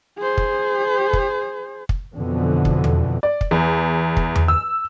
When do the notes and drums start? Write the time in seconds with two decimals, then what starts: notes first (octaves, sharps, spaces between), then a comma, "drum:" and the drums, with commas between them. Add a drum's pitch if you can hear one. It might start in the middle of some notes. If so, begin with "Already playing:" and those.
0.19 G#4 C5
0.38 drum: kick
1.13 drum: kick
1.89 drum: kick
2.14 F2 B2 D3 E3
2.65 drum: kick
2.84 drum: tom E2
3.23 D5
3.41 drum: kick
3.51 E2
4.17 drum: kick
4.36 drum: tom E2
4.48 E6